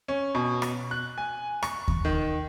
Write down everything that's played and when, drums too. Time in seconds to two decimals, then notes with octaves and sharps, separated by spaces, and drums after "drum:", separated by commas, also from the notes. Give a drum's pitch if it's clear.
0.08 C#4
0.35 B2
0.62 drum: rim click
0.91 F#6
1.18 G#5
1.63 C#6, drum: rim click
1.88 drum: kick D#2
2.05 D#3